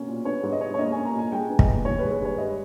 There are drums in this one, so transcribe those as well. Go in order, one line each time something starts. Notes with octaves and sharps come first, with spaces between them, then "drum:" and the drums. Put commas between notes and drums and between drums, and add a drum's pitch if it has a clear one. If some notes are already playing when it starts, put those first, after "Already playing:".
Already playing: B2 A#3 C#4
A#2
B3 C#5
G#2
D#5
G3 C#5
C#5
A#3 D#5
C#4 G#5
A#5
A#2 G#5
G#3 G5
B3
D#5, drum: kick
A#2
D#3 C#5
B4
G#3
B4
G2 C#5
G3 D#5